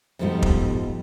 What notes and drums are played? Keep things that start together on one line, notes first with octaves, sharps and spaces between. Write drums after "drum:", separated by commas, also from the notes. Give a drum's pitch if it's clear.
F2 G#2 B2 F3 G3 A3
drum: kick